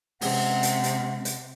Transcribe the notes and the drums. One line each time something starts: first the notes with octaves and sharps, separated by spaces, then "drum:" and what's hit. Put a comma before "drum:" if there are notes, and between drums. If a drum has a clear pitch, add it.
C3 G#3 C4 C#4 F#5, drum: open hi-hat
drum: hi-hat
drum: hi-hat
drum: hi-hat